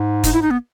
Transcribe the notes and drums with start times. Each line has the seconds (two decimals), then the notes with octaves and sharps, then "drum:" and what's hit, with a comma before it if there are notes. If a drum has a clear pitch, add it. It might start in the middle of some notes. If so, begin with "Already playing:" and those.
Already playing: G#2
0.24 D#4, drum: kick, hi-hat
0.33 E4
0.42 D#4
0.51 B3